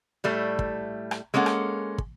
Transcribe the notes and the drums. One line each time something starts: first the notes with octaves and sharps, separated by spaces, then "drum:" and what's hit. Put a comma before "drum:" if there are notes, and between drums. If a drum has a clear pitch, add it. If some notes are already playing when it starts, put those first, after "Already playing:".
A2 G3 A3
drum: kick
drum: rim click
G#3 A#3 C#4 A4 F#5
drum: rim click
drum: kick